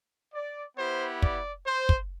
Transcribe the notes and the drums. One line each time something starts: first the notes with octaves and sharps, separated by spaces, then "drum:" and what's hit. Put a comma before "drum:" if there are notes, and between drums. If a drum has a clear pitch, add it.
D5
B3 E4 G4 C5
D5, drum: kick
C5
drum: kick